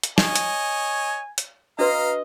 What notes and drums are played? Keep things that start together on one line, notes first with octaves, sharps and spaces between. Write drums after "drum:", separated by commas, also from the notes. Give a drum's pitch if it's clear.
drum: hi-hat
C#5 D#5 G#5, drum: snare
drum: hi-hat
drum: hi-hat
D4 F#4 B4 D#5 F5 A#5